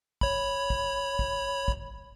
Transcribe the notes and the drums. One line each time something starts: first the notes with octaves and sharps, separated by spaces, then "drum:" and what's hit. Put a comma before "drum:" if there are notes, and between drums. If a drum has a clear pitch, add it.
C#5 B5, drum: kick
drum: kick
drum: kick
drum: kick